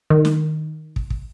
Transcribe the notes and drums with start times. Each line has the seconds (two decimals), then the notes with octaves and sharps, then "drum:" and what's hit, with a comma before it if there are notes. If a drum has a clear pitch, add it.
0.10 D#3
0.25 drum: snare
0.96 drum: kick
1.10 drum: kick